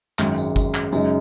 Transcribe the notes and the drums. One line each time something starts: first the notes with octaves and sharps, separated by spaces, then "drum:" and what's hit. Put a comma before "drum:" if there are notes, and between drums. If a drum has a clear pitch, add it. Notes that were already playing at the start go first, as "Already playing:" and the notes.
G#1 F#2 D#3 G#3, drum: clap
drum: tambourine
drum: kick G1, tambourine
drum: clap
F#2 C#3 G#3 D#4, drum: tambourine